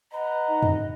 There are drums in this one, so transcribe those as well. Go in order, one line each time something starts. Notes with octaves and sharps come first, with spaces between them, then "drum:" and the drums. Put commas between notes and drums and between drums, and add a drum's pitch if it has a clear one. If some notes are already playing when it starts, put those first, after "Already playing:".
B4 D#5 F#5 A#5
D#4
drum: tom F2